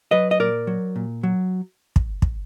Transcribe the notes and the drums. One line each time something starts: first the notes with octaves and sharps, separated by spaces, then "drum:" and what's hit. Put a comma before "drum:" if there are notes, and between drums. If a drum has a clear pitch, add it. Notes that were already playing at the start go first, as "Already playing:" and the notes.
F#3 B4 D#5
D#5
A#2 A#4 D5
F#3
A#2
F#3
drum: kick
drum: kick